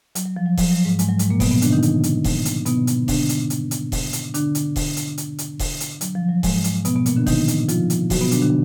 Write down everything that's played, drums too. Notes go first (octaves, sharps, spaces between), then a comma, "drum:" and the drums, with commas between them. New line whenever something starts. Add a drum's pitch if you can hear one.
F#3, drum: hi-hat
F#3
F3
F#3
F3, drum: kick E1, open hi-hat
F#3
G#2 G#3
G#2 G#3, drum: hi-hat
F#3
G#2 G#3, drum: hi-hat
A#2 A#3
B2 B3, drum: kick E1, open hi-hat
B2 B3
D3 D4, drum: hi-hat
D#3 D#4
drum: hi-hat
drum: hi-hat
drum: kick E1, open hi-hat
drum: hi-hat
B2 B3, drum: hi-hat
drum: hi-hat
D3 D4, drum: kick E1, open hi-hat
drum: hi-hat
drum: hi-hat
drum: hi-hat
drum: kick E1, open hi-hat
drum: hi-hat
D3 D4, drum: hi-hat
drum: hi-hat
drum: kick E1, open hi-hat
drum: hi-hat
drum: hi-hat
drum: hi-hat
drum: kick E1, open hi-hat
drum: hi-hat
F#3, drum: hi-hat
F3
F#3
G#2 G#3, drum: kick E1, open hi-hat
drum: hi-hat
B2 B3, drum: hi-hat
B2 B3
A#2 A#3, drum: hi-hat
D3 D4
D#3 D#4, drum: kick E1, open hi-hat
drum: hi-hat
F3 F4, drum: hi-hat
drum: hi-hat
F#3 F#4, drum: kick E1, open hi-hat
B2 B3
D3 D4, drum: hi-hat
D3 D4